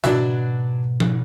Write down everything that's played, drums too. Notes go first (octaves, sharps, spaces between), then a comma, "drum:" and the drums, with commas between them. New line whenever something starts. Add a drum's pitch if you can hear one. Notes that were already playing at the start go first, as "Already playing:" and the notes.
G#2 B2 F#3 D4 E5, drum: hi-hat
drum: tom F3